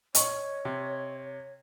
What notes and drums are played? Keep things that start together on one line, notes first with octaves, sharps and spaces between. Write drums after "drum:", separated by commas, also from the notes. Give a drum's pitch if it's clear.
C#5 D#5 C#6, drum: hi-hat
C3